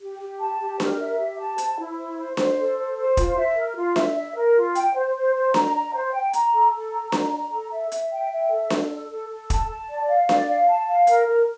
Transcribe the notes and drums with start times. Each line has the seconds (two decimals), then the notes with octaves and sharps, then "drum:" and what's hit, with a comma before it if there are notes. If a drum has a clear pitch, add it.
0.01 G4
0.20 G4
0.40 A5
0.60 G4
0.80 A#4, drum: snare D4
1.00 E5
1.19 G4
1.39 A5
1.58 C5, drum: hi-hat
1.78 E4
1.98 C5
2.17 C5
2.37 C5, drum: snare D4
2.58 A4
2.78 C5
2.97 C5
3.17 F4, drum: kick, hi-hat
3.37 E5
3.56 A#4
3.76 F4
3.96 E5, drum: snare D4
4.15 E5
4.35 A#4
4.55 F4
4.75 G5, drum: hi-hat
4.95 C5
5.15 C5
5.34 C5
5.54 A#5, drum: snare D4
5.74 A#5
5.94 C5
6.13 G5
6.33 A#5, drum: hi-hat
6.53 A4
6.72 A4
6.93 A#5
7.12 A#5, drum: snare D4
7.32 A#5
7.52 A4
7.71 E5
7.92 E5, drum: hi-hat
8.11 G5
8.31 E5
8.51 A4
8.70 A4, drum: snare D4
8.90 A4
9.10 A4
9.29 A4
9.50 A5, drum: kick, hi-hat
9.69 A5
9.89 D5
10.09 F5
10.29 D5, drum: snare D4
10.48 F5
10.68 A5
10.88 F5
11.07 A#4, drum: hi-hat
11.27 A#4